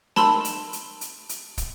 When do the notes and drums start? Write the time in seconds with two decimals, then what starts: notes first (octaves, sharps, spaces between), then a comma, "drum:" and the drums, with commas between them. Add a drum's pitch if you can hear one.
0.16 A5 B5 C6 E6, drum: snare
0.45 drum: hi-hat
0.73 drum: hi-hat
1.01 drum: hi-hat
1.29 drum: hi-hat
1.58 drum: kick, hi-hat